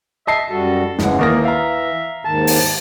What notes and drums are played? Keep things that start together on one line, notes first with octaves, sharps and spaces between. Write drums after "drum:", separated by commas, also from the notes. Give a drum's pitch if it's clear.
D#5 E5 A5 C7
F#2 G3 F#4 A4
F#1 C#3 E3 G#3 F#5, drum: snare
D#2 E3 A#3 D#5 A#6
E5 F5 A#5
D#2 G#2 D#3 A5
drum: open hi-hat